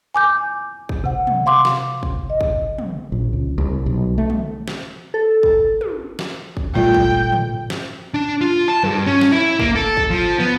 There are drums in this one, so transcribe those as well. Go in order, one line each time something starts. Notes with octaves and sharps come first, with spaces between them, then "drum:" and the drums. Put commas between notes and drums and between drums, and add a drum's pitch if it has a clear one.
G#5 D6 G6
drum: kick
C3 F#5
drum: tom
F5 C6 D6
drum: snare
drum: kick
D#5
drum: kick
drum: tom
A#1
C#2
C2
B1
A3
drum: tom
drum: snare
A4
drum: kick
drum: tom
drum: snare
drum: kick
A#2 G3 A3 F4 G5
drum: kick
drum: tom
drum: snare
D4
F4
A5
G2, drum: tom
C#4
drum: snare
E4
A#3, drum: kick
A4
drum: kick
F3
B3